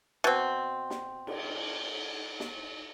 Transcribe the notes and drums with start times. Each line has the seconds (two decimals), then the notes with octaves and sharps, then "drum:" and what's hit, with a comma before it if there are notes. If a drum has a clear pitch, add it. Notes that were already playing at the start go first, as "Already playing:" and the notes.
0.24 B2 C4
0.90 drum: snare
1.27 drum: cymbal
2.40 drum: snare